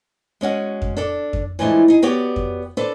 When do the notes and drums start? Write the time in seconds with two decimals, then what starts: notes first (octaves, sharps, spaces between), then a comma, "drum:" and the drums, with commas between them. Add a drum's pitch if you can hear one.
0.41 G#3 C#4 F#4 F#5
0.82 drum: kick F2
0.97 D4 A4 D5
1.33 drum: kick F2
1.59 E3 F3 G#3 A3 D4
1.88 D#4 G#4
2.02 B3 F#4 G4 C#5 D5
2.36 drum: kick F2
2.77 D4 A4 B4 C5